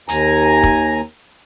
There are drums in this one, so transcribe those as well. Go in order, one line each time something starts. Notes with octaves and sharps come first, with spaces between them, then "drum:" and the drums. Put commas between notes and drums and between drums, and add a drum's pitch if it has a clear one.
D#2 G#5 A#5, drum: hi-hat
drum: kick